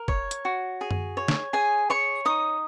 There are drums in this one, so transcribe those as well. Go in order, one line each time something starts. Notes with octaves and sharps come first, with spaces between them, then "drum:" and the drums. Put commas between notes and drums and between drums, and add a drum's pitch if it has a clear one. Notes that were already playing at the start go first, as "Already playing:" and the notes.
Already playing: A#4
C#5, drum: kick
drum: hi-hat
F#4
G#4
drum: tom F#2
C#5
drum: snare
G#4 G#5
C#5 C#6
D#4 D#6